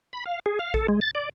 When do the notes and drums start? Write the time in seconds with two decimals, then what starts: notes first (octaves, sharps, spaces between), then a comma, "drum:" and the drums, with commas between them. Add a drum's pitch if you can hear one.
0.13 B5
0.26 F5
0.46 G#4
0.59 F5
0.74 A4, drum: kick A#1
0.88 G#3
1.01 A6
1.15 D5